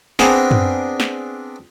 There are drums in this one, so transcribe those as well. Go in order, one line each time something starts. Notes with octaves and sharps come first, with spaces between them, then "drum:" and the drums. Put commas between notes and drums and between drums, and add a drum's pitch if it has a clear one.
B3 C4 D4 G#4 A#4, drum: snare
drum: tom F#2
drum: snare